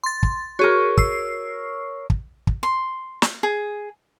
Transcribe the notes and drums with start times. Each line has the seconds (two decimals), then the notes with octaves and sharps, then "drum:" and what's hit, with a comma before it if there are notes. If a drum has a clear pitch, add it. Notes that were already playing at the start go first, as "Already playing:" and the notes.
0.04 C6 A6
0.23 drum: kick
0.59 F#4 G#4 A#4 C#5
0.97 E6 C7, drum: kick
2.10 drum: kick
2.47 drum: kick
2.63 C6
3.22 drum: snare
3.43 G#4